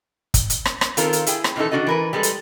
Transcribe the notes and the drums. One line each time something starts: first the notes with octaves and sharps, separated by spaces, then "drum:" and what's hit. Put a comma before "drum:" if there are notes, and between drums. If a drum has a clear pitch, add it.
drum: kick, hi-hat
drum: hi-hat
drum: rim click
drum: rim click
D#3 C4 F4 A4 A#4, drum: hi-hat
drum: hi-hat
E4 G#4 G5, drum: hi-hat
drum: rim click
A#2 D#3 E3 D#4 A4
D#3 A#3 D4 F#4 A4 D#5
E3 A#4 B4
G3 G#3 D4 A4 B4
drum: hi-hat